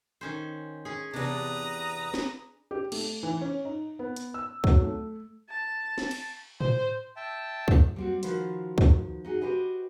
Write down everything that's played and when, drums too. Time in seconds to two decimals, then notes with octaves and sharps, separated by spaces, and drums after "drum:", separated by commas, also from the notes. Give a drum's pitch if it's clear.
0.21 D#3 C#4 C5
0.85 C#4 G#4
1.14 E2 C3 D4 B4 A#5 D#6
2.14 drum: snare
2.71 G4
2.92 A3, drum: cymbal
3.23 E3
3.41 C#4
3.65 D#4
3.99 B3
4.16 drum: hi-hat
4.34 E6
4.64 F#3, drum: kick
4.81 A3
5.49 A5
5.98 drum: snare
6.11 drum: cymbal
6.61 C5, drum: tom A2
7.16 E5 G5 A5
7.68 drum: kick
7.96 G3 C4 F#4
8.23 D#3 F3 F#4 B4 C5, drum: hi-hat
8.78 drum: kick
9.25 D#4 F#4 G#4
9.41 F#4 G4 B4 C5 D#5